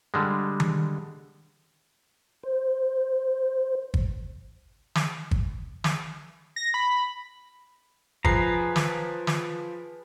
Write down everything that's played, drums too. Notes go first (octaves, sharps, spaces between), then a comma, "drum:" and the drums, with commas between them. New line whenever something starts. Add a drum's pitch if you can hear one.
D3 G3 G#3
drum: tom D#3
C5
drum: kick
drum: snare
drum: kick
drum: snare
A#6
B5
F3 G#4 B4 A#5 C7, drum: kick
drum: snare
drum: snare